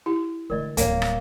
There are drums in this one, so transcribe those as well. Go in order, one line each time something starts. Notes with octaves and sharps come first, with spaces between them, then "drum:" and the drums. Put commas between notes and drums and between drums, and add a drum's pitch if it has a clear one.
E4 G4
D3 A3 A#4 D5 D#5
D1 G3 A#3 C#5 D5 G#5, drum: hi-hat
drum: rim click